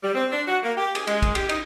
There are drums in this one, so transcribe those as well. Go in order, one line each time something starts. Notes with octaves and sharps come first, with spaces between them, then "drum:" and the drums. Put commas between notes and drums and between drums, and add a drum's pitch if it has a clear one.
G3
C4
D4
F#4
A#3
G4
G#4, drum: cymbal
G#3, drum: cymbal
drum: kick, cymbal
G4, drum: cymbal
D#4, drum: cymbal